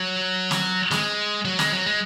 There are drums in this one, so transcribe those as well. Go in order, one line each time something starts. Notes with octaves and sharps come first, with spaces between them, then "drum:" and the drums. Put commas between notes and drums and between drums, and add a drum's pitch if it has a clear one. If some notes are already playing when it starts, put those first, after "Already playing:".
Already playing: F#3
drum: snare
G#3, drum: snare
F#3
G#3, drum: snare
F#3
G#3